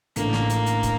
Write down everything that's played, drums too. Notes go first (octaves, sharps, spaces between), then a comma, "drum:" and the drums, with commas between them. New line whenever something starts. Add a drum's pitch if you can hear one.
A1 A2 A3 A#3 D4 A4, drum: hi-hat
drum: snare
drum: hi-hat
drum: hi-hat
drum: kick, hi-hat